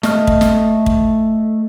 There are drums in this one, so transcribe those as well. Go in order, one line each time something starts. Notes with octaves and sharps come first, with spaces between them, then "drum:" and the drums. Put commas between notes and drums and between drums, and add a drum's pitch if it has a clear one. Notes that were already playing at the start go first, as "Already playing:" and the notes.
A3 D#5 F6, drum: snare
drum: kick
drum: snare
drum: kick